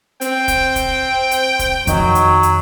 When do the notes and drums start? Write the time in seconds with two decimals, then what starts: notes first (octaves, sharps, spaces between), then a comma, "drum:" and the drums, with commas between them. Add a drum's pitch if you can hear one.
0.21 C4 G5, drum: hi-hat
0.48 drum: kick E1, hi-hat
0.76 drum: kick E1, hi-hat
1.31 drum: hi-hat
1.59 drum: kick E1, hi-hat
1.87 F2 D#3 F#3 D#5, drum: kick E1, hi-hat
2.15 drum: hi-hat
2.43 drum: hi-hat